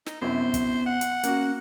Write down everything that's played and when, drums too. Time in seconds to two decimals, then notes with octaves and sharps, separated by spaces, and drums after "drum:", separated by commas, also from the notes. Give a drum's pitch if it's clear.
0.06 D#4, drum: snare
0.22 F#2 C3 B3 E4 C5
0.54 drum: kick, hi-hat
0.86 F#5
1.01 drum: hi-hat
1.23 A#3 C#4 F#4, drum: hi-hat